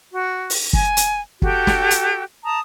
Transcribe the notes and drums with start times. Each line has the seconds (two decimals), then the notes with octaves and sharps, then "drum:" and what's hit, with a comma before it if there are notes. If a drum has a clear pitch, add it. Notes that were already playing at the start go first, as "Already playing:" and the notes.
0.10 F#4
0.50 drum: open hi-hat
0.73 G#5, drum: kick
0.97 drum: hi-hat
1.42 F#4 G4 A4 G5, drum: kick
1.67 drum: snare
1.91 drum: hi-hat
2.43 A5 A#5 D#6